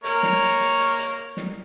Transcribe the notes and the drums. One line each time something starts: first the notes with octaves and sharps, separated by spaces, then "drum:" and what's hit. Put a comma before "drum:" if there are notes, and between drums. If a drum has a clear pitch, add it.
A#3 A#4 C#5, drum: hi-hat
drum: snare
drum: hi-hat
drum: hi-hat
drum: hi-hat
drum: hi-hat
drum: snare